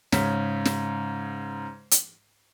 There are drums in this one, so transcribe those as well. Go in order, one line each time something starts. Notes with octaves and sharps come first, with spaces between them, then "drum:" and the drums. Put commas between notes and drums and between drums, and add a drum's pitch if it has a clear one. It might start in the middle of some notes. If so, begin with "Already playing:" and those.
G#2 C#3 B6, drum: snare
drum: snare
drum: hi-hat